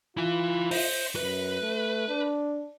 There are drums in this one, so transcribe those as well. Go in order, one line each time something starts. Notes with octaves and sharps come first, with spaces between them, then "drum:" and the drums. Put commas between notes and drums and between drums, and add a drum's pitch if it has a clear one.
E4 F4 G#5
C5, drum: open hi-hat
F#2 B4
A3
D4